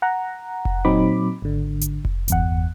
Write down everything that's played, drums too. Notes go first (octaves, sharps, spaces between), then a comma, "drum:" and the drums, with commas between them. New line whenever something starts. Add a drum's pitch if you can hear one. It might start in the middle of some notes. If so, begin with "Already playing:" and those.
F#5 A#5
drum: kick F1
A#2 F#3 C4 D#4 B5 D6
G#1 D3
drum: hi-hat
drum: kick F1
G1 E2 F#5, drum: hi-hat